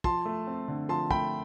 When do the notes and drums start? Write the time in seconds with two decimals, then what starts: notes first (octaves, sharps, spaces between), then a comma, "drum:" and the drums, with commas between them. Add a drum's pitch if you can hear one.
0.04 F3 A5 C6, drum: kick
0.25 A3
0.47 C4
0.68 D3
0.89 F3 A5 C6
1.11 A3 G5 B5, drum: kick